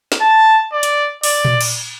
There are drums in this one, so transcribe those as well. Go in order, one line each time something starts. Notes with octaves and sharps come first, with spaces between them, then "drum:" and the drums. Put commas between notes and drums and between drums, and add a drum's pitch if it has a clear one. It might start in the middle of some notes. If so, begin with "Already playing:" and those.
drum: snare
A5
D5
drum: hi-hat
D5, drum: open hi-hat
drum: tom A#2
drum: cymbal